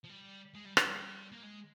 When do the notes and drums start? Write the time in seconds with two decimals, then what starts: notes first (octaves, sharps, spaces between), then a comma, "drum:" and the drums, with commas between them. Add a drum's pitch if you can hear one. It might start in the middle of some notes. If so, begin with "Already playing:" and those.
0.05 F3
0.10 G3
0.55 G#3
0.66 G3
0.77 F3, drum: rim click
0.88 G3
1.32 A#3
1.43 G#3